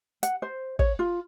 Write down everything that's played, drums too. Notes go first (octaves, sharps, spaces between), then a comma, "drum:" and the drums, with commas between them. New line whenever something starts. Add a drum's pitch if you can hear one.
F#5, drum: hi-hat
C5
C#5, drum: kick
F4